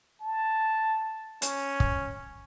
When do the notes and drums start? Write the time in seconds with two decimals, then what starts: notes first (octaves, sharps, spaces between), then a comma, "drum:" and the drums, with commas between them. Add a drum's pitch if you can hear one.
0.20 A5
1.42 C#4, drum: hi-hat
1.80 drum: kick